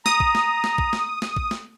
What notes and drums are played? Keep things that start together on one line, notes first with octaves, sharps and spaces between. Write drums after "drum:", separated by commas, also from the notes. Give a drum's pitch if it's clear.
A#5 D#6, drum: snare
drum: kick
drum: snare
drum: snare
drum: kick
drum: snare
drum: snare
drum: kick
drum: snare